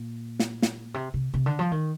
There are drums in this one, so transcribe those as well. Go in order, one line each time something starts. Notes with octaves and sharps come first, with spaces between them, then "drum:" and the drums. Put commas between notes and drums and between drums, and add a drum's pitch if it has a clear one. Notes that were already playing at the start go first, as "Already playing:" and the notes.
Already playing: A#2
drum: snare
drum: snare
C3
C3
C3
D3
F3
D#3